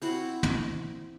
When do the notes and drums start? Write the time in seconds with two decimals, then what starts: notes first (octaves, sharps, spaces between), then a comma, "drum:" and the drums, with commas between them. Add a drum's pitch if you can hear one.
0.02 C4 E4 F#4, drum: open hi-hat
0.43 drum: tom